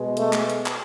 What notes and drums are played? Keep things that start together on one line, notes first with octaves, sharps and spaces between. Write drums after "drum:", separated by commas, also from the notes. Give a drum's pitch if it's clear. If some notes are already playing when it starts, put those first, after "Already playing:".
Already playing: B2 G#3
A3, drum: hi-hat
drum: clap
drum: hi-hat
drum: clap